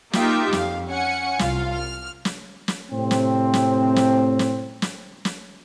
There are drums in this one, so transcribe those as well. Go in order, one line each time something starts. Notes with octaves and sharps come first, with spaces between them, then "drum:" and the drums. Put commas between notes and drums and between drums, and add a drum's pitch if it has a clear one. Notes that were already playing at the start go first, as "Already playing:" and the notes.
A#3 D#4 F4 G4 E5 G5, drum: snare
F2 F5, drum: snare
C#4 F#5 G#5 C#7
C2 F4 F5, drum: snare
F6
drum: snare
drum: snare
A2 C3 C4
drum: snare
drum: snare
drum: snare
drum: snare
drum: snare
drum: snare